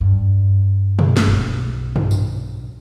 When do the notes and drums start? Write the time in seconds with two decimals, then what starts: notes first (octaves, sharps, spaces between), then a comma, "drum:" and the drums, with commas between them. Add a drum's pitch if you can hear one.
0.01 G2
0.99 drum: tom B2
1.17 drum: snare
1.28 B1 C#4
1.96 drum: tom G2
2.11 drum: tambourine